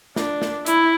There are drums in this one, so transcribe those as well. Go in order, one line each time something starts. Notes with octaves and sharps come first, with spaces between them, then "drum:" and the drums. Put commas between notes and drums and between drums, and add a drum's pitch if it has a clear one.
D4, drum: snare
drum: snare
E4, drum: hi-hat